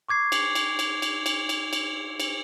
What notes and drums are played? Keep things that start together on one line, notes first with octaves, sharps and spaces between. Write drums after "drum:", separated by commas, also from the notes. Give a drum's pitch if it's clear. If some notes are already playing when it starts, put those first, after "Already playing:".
C#6 D6 G#6 C7
drum: cymbal
drum: cymbal
drum: cymbal
drum: cymbal
drum: cymbal
drum: cymbal
drum: cymbal
drum: cymbal